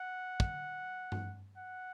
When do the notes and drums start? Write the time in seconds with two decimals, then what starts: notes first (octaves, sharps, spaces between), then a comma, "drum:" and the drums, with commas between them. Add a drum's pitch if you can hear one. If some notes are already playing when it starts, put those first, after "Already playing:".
Already playing: F#5
0.40 drum: kick
1.12 drum: tom G2
1.57 F#5